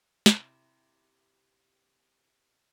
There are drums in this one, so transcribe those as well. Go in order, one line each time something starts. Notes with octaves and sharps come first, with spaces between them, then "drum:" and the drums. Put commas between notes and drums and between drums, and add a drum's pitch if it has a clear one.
C3 E4, drum: snare